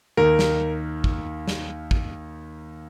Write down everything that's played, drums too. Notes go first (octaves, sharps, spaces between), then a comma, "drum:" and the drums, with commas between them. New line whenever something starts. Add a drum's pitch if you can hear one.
D#2 D#3 A#3 A#4
drum: snare
drum: kick
drum: snare
drum: kick